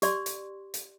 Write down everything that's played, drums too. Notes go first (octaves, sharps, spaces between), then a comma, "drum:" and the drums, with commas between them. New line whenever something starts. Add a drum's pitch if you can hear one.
G4 D5 C6, drum: hi-hat
drum: hi-hat
drum: hi-hat